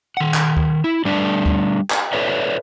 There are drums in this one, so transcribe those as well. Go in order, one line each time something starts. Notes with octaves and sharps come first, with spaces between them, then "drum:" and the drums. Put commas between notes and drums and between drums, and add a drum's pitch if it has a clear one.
D#3 F#5
drum: clap
drum: kick D2
E4
D3 G3 A3 D4 D5 A5
drum: kick D2
drum: clap
A4 B4 C#5 D5 E5